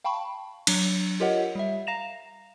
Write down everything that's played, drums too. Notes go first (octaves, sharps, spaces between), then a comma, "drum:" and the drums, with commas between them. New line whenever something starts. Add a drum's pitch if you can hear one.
F5 G5 A5 B5 C#6
F#3 D4, drum: cymbal
F4 G4 A#4 C#5 D#5 F#5
G3 E5
F5 A#5 A#6 E7 F7